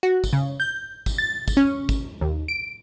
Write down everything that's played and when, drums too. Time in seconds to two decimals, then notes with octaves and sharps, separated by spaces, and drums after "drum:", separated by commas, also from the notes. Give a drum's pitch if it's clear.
0.03 F#4
0.24 drum: kick, tambourine
0.33 C#3
0.60 G6
1.06 drum: kick, tambourine
1.18 A6
1.48 drum: kick, tambourine
1.57 C#4
1.89 drum: kick, tambourine
2.21 D#2
2.48 D7